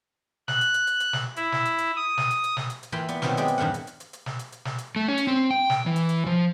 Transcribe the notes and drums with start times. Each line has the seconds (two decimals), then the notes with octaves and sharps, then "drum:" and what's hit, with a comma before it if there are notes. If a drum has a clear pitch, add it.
0.48 F#6, drum: snare
0.61 drum: hi-hat
0.74 drum: hi-hat
0.87 drum: hi-hat
1.00 drum: hi-hat
1.13 drum: snare
1.36 E4, drum: hi-hat
1.52 drum: snare
1.65 drum: hi-hat
1.78 drum: hi-hat
1.96 D#6
2.17 drum: snare
2.31 drum: hi-hat
2.44 drum: hi-hat
2.57 drum: snare
2.70 drum: hi-hat
2.83 drum: hi-hat
2.92 E3 A#3 F4 G5 B5 C6
3.08 B3 D5, drum: hi-hat
3.22 B2 D#3 F#3 B3 C4 F4, drum: snare
3.37 G#3 E4 G4 G#4 D5 G5, drum: hi-hat
3.48 drum: hi-hat
3.58 E2 G2 A#2 D#3 F5 F#5
3.74 drum: hi-hat
3.87 drum: hi-hat
4.00 drum: hi-hat
4.13 drum: hi-hat
4.26 drum: snare
4.39 drum: hi-hat
4.52 drum: hi-hat
4.65 drum: snare
4.78 drum: hi-hat
4.96 A3
5.08 C#4
5.17 drum: hi-hat
5.27 C4
5.51 G5
5.70 drum: snare
5.86 E3
5.96 drum: hi-hat
6.09 drum: hi-hat
6.26 F3